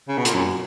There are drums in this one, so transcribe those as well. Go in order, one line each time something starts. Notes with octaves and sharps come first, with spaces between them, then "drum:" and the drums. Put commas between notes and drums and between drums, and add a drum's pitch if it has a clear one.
C#3
B2
A#2, drum: hi-hat
F#2